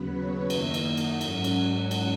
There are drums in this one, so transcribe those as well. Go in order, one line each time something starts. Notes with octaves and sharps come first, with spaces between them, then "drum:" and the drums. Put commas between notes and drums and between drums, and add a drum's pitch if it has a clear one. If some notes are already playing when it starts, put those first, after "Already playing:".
Already playing: D#2 C#3 F#3 B3 B4
C#5
F#2 D#3 A#3 D#4 E5, drum: cymbal
drum: cymbal
F#5
drum: cymbal
G#2 F#3 C#4, drum: cymbal
drum: cymbal
drum: cymbal